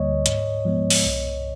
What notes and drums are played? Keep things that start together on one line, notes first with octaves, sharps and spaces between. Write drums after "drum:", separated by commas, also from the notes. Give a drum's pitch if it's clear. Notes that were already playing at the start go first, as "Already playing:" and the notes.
Already playing: D2 D3 G3 A#3 C#5 D#5
G#2, drum: hi-hat
F3 G#3 B3
drum: open hi-hat
C2